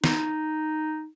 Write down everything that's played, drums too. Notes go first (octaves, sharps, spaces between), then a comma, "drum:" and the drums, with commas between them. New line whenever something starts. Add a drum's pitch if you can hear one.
D#4, drum: snare